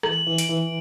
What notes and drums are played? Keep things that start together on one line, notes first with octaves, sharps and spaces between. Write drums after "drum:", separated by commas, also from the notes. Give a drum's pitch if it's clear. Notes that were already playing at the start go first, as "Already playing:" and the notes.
E3 F#7, drum: rim click
E3
D7, drum: hi-hat
E3